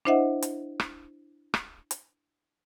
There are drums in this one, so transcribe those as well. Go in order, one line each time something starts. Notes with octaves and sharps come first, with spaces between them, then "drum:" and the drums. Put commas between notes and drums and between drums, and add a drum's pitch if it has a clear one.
D4 E4 C5 D#5 E5 F#5
drum: hi-hat
drum: rim click
drum: rim click
drum: hi-hat